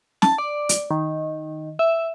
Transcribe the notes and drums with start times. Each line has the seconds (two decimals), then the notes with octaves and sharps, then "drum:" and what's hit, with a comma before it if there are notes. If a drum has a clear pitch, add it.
0.22 A5, drum: snare
0.38 D5
0.69 drum: hi-hat
0.91 D#3
1.79 E5